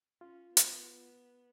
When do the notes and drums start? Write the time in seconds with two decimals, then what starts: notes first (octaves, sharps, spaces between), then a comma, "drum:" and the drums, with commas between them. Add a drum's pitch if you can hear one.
0.21 C#4 F4
0.57 B3, drum: hi-hat